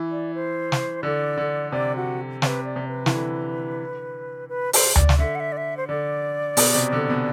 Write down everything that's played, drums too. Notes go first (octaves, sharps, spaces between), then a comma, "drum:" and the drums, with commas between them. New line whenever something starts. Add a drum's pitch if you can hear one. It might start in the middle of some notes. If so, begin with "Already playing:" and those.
Already playing: E3
D5
C5
drum: snare
D3 D5
D3
C3 D5
F#4
C3 B4 D5, drum: snare
D5
C3
B4
E3, drum: snare
D3
B4
C5, drum: open hi-hat
D5, drum: tom D2
drum: snare
D3 E5
F#5
E5
D5
E5
C5
D3 D5
B2, drum: open hi-hat
C3
D3
B2